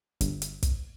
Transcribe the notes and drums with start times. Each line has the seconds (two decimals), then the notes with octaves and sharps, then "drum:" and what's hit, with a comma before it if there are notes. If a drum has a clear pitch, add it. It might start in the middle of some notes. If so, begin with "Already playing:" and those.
0.21 G1, drum: hi-hat
0.42 drum: hi-hat
0.63 drum: kick, hi-hat